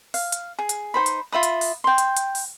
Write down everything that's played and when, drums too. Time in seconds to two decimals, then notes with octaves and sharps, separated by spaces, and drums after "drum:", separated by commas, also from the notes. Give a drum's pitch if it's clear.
0.14 F5, drum: open hi-hat
0.32 drum: hi-hat
0.59 G#4
0.69 drum: hi-hat
0.94 D#4 G#4 C5 B5
1.06 drum: hi-hat
1.32 F4 E5 B5 D#6
1.43 drum: hi-hat
1.61 drum: open hi-hat
1.84 G5 C6
1.98 drum: hi-hat
2.17 drum: hi-hat
2.35 drum: open hi-hat